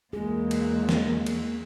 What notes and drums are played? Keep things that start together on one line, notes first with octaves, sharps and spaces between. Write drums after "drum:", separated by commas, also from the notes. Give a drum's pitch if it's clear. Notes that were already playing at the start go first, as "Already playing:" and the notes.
E2 G#3 A#3 G#4
drum: cymbal
drum: snare
drum: cymbal